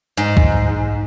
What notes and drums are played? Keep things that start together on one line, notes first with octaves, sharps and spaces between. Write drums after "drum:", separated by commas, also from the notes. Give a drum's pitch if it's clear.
G#2
drum: kick B1